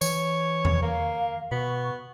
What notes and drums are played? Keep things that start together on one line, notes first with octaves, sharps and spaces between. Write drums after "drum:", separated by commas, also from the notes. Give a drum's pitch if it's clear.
E3 C#5, drum: tambourine
drum: tom E2
A#3 F5
B2 B3 C#6